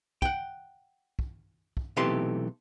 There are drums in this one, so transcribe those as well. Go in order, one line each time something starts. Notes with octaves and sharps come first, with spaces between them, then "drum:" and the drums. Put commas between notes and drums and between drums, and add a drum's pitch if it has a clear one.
F#5 G5, drum: kick
drum: kick
drum: kick
B1 C3 E3 A3 G4 C6